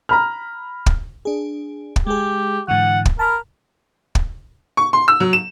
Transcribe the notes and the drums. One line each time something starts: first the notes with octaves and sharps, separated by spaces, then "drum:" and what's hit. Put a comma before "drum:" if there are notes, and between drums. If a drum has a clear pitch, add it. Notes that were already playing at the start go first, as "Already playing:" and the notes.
A#5 B5 F6
drum: kick
D4 G#4
drum: kick
G#3 G4 G#4
G#2 D3 E3 F#5
drum: kick
A#4 A5 B5 F6
drum: kick
C#6
C6
E6
F#3
E7